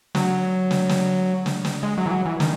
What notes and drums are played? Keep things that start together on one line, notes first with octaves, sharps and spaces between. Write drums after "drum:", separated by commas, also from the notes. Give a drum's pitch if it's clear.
F#3, drum: snare
drum: snare
drum: snare
drum: snare
drum: snare
G#3
F#3
E3
F#3
E3
D#3, drum: snare